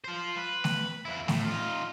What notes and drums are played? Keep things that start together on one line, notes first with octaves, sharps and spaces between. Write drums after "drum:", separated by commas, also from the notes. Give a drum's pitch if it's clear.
F4 C5
B4
drum: snare A3
F2 E4
A2, drum: snare A3
D#4 F4